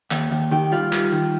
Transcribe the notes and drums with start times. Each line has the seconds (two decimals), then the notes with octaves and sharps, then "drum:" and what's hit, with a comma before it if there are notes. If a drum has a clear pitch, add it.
0.11 D#2, drum: clap
0.31 D#2
0.51 D#3 G4
0.72 G3 F4
0.93 G3, drum: clap
1.12 D#3